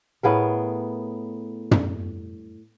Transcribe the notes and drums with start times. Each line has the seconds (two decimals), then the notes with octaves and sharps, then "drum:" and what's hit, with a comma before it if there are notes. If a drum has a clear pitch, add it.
0.23 A2 B3 G#4 A#4
1.71 drum: tom